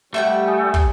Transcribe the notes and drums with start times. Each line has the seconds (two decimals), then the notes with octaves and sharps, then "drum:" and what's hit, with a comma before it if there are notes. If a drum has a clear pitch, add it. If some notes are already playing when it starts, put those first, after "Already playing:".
0.14 G3 A3 E5 F#5 G5
0.47 G#5 D#6
0.74 drum: kick